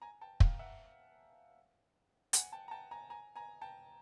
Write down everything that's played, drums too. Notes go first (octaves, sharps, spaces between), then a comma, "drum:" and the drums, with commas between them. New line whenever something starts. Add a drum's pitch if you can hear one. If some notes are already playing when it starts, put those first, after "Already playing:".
G#5 A#5
G5 A5
F5 G5, drum: kick
E5 F#5
F#5 G#5, drum: hi-hat
G5 A5
A#5
G5 A5
G#5 A#5
G#5 A#5
G#5 A#5
G5 A5